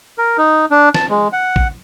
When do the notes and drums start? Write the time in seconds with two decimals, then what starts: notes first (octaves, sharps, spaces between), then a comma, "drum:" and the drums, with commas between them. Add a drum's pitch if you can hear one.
0.18 A#4
0.38 D#4
0.71 D4
0.94 A5, drum: snare
1.09 G#3
1.33 F#5
1.56 drum: kick A1